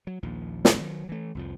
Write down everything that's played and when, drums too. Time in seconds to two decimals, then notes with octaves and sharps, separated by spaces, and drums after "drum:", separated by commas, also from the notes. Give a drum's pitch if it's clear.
0.07 F#3
0.23 A#1 D#2 F3
0.65 drum: snare
0.78 D#3 F#3
1.09 E3 A3
1.35 C2 F2 F3